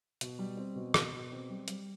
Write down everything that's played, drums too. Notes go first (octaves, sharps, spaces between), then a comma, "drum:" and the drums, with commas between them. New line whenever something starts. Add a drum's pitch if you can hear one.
B2, drum: hi-hat
G3
C4
B2
B2, drum: rim click
B2
C4
G3
G3, drum: hi-hat